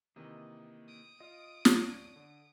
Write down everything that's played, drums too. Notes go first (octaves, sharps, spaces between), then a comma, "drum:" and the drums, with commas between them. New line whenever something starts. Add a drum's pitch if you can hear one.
C3 D#3 E3 A#3 D#5
D#6 D7
F4 D#5 F6
C#5 D5, drum: snare
D3